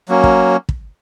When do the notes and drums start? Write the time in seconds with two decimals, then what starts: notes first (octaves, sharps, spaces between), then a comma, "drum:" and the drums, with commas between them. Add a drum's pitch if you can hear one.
0.08 F#3 A#3 C#4
0.24 drum: kick
0.69 drum: kick